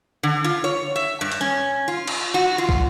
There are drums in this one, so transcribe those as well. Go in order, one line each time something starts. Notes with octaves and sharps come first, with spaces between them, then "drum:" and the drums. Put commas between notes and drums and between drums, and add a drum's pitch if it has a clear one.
D3
F4
C#5
E5
G2
drum: hi-hat
C#4
F4
drum: cymbal
F#4
F4
drum: kick